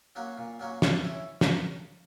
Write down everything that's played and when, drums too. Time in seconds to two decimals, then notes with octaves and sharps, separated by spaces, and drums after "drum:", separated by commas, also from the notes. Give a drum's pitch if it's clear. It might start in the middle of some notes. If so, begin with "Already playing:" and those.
0.15 F#3 A#3 C#4 F#4
0.38 A#2
0.59 F#3 A#3 C#4 F#4
0.82 G3, drum: snare
1.04 C#4 E4
1.41 drum: snare